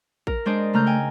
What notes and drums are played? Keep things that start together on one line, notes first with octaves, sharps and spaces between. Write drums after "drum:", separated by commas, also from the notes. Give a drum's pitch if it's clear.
A#4, drum: kick
G#3 D4 C5 D5 D#5
C#3 A3 A#5 F6 G6
G5 G#5